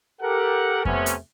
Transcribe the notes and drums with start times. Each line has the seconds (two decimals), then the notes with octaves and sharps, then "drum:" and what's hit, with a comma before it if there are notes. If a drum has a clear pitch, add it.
0.22 G4 A4 A#4 F#5
0.85 C3 A3 B3 C#4, drum: kick F2
1.06 drum: hi-hat